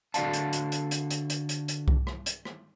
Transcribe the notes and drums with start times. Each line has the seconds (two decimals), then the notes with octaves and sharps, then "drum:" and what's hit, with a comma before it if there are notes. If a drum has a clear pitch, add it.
0.14 D3 F#4 D5 F5 A5, drum: hi-hat
0.33 drum: hi-hat
0.53 drum: hi-hat
0.72 drum: hi-hat
0.91 drum: hi-hat
1.11 drum: hi-hat
1.30 drum: hi-hat
1.49 drum: hi-hat
1.68 drum: hi-hat
1.88 drum: kick C2
2.07 drum: rim click
2.26 drum: hi-hat
2.45 drum: rim click